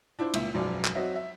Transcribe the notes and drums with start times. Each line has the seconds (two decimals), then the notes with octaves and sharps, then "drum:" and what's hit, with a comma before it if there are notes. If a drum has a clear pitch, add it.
0.19 D4 E4 F4 C5
0.34 C#2 A#2 E5, drum: cymbal
0.54 E1 B1 F#2 F3 D5
0.85 drum: clap
0.95 F#3 C4 F#4 D#5 E5
1.16 E5